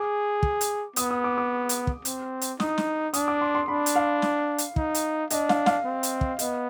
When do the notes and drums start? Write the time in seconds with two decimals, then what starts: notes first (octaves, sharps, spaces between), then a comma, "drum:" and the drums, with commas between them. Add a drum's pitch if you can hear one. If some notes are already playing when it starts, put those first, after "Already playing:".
Already playing: G#4 D6
0.43 drum: kick
0.61 drum: hi-hat
0.96 B3 D#6, drum: hi-hat
1.11 D#6
1.24 D6
1.38 D6
1.69 drum: hi-hat
1.87 drum: kick
2.05 C4, drum: hi-hat
2.41 drum: hi-hat
2.60 D#4 D#6, drum: snare
2.78 drum: snare
3.13 D4 D#6, drum: hi-hat
3.28 D6
3.41 C6
3.55 C6
3.68 D4 B5
3.86 drum: hi-hat
3.96 F5
4.22 drum: snare
4.58 drum: hi-hat
4.76 D#4, drum: kick
4.94 drum: hi-hat
5.30 D4 D#5, drum: hi-hat
5.49 F5, drum: snare
5.66 F5, drum: snare
5.85 C4
6.03 drum: hi-hat
6.21 drum: kick
6.39 B3 D#5, drum: hi-hat